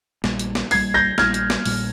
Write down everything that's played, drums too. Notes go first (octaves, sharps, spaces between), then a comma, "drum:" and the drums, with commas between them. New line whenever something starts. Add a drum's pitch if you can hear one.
A#1 A#2 G3 A#3, drum: snare
drum: hi-hat
drum: snare
A#1 A#2 G3 A#3 G#6 C7, drum: open hi-hat
G6 A#6
A#1 A#2 G3 A#3 F6 G#6, drum: snare
drum: hi-hat
drum: snare
A#1 A#2 G3 A#3, drum: open hi-hat